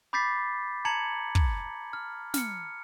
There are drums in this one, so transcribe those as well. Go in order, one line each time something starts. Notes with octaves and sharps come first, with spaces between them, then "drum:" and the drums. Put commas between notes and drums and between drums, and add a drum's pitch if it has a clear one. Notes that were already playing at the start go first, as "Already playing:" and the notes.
B5 D6 G6 A6 B6 C7
A5 A#5 G#6 C#7 F#7
drum: kick
F6
F6 C#7, drum: snare